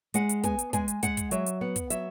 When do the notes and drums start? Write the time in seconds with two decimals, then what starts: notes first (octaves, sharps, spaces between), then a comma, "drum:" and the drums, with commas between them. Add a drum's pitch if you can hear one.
0.14 G#3 F#5, drum: hi-hat
0.29 drum: hi-hat
0.44 B3 G#5, drum: kick, hi-hat
0.59 drum: hi-hat
0.73 G#3 G#5, drum: kick, hi-hat
0.88 drum: hi-hat
1.03 G#3 F#5, drum: kick, hi-hat
1.17 drum: kick, hi-hat
1.31 F#3 E5, drum: hi-hat
1.47 drum: hi-hat
1.61 B3 F#5
1.76 drum: kick, hi-hat
1.90 F#3 E5, drum: hi-hat